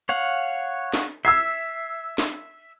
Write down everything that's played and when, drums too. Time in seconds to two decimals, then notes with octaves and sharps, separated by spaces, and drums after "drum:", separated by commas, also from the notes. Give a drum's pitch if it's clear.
0.09 C#5 F5 F#5
0.94 drum: snare
1.25 E5 E6 G#6 C7
2.18 drum: snare